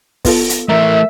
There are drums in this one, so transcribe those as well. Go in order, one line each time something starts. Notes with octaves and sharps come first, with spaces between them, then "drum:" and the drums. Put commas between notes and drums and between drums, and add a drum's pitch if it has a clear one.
B3 F4 A4, drum: kick, open hi-hat
drum: hi-hat
E3 A3 A#4 E5